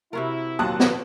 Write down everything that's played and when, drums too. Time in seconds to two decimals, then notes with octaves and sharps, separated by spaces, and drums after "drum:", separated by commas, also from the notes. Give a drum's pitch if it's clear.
0.13 C3 E4 F#4 A#4
0.59 D#2 A#2 F#3 A5 D#6 F#6
0.80 drum: snare